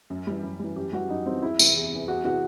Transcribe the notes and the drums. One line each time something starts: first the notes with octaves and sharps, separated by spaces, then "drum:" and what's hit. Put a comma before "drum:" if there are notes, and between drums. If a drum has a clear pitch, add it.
F#2
E3 G3
F#2
E3 G3
F#2 G4
E3 G3 F#4
F#2 D#4
E3 G3 C4
E2 E4
C3 E3, drum: tambourine
E2
C3 E3
E2 F#4
C3 E3 F#4